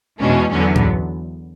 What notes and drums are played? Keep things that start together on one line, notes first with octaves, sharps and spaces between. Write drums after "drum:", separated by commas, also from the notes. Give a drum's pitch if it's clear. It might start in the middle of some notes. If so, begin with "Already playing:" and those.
E2 B2 G#3 C#4 D4
E2 D3 F#3 B3 C#4
drum: tom G#2